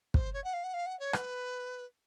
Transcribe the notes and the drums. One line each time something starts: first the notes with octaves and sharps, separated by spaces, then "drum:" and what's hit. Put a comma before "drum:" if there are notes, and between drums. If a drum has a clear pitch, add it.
C5, drum: kick
C#5
F#5
F5
F#5
F5
F#5
C#5
B4, drum: rim click